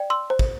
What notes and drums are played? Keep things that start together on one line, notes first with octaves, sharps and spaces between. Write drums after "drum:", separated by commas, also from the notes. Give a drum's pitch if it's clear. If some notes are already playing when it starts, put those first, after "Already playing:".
Already playing: D5 G5
C6 E6
C5
drum: kick